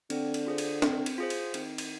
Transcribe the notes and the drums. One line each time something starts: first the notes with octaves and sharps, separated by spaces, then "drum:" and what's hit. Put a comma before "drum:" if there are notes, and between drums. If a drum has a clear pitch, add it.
D3 C4, drum: cymbal
drum: cymbal
F4 G#4 C5
drum: cymbal
C4, drum: snare
drum: cymbal
F4 G#4 C5
drum: cymbal
D#3 C4, drum: cymbal
drum: cymbal